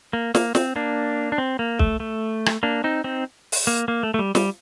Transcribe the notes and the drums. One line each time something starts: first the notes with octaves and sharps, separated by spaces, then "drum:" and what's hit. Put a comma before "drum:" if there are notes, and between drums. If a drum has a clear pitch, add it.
A#3
A#3, drum: snare
C4, drum: snare
A#3 D4
D4
C4
A#3
A3, drum: kick
A3
drum: rim click
A#3 D4
C4 D#4
C4 D#4
drum: open hi-hat
A#3
A#3
A3
A3
G3
G3, drum: snare